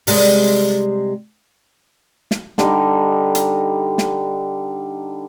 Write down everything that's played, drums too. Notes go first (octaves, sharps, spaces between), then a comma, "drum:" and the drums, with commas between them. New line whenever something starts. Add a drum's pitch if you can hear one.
C3 G3 G#3, drum: open hi-hat
drum: snare
D3 G3 D#4, drum: snare
drum: hi-hat
drum: snare